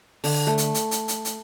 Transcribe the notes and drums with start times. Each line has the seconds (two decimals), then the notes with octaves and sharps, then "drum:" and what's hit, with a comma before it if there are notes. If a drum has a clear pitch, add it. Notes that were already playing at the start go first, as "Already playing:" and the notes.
0.24 D3, drum: open hi-hat
0.47 A3
0.58 drum: hi-hat
0.74 drum: hi-hat
0.91 drum: hi-hat
1.08 drum: hi-hat
1.25 drum: hi-hat